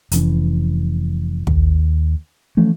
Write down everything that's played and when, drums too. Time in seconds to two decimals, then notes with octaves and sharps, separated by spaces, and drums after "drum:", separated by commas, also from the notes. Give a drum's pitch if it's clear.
0.11 F1 E3 C#4, drum: hi-hat
1.47 D#2, drum: kick
2.57 E3 F3 A3 C#4